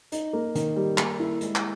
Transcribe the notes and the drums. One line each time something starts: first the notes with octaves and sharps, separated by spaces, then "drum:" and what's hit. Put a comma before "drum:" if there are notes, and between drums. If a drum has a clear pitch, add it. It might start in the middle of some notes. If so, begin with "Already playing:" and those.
D#4, drum: hi-hat
A#3
D#3, drum: hi-hat
G3
A#3, drum: clap
E4
G#3, drum: hi-hat
drum: clap